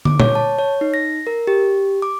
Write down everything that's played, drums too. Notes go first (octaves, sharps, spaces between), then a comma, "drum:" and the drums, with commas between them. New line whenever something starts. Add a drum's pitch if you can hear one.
D6, drum: tom
C#5, drum: tom A#2
A5
C#5
D#4
A#6
A#4
G4
D6